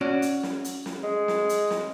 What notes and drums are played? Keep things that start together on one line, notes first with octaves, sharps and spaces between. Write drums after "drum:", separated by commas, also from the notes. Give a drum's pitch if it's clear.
C#4 F#4 D5
drum: hi-hat
drum: snare
drum: hi-hat
drum: snare
G#3
drum: snare
drum: hi-hat
drum: snare